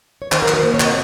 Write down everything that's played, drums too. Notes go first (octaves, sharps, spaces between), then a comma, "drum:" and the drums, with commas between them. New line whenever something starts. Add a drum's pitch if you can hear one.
C#5
D#3 C5, drum: clap
A#4
F#3, drum: clap
A#4
A#3 C5
C#5
C3, drum: clap
D#5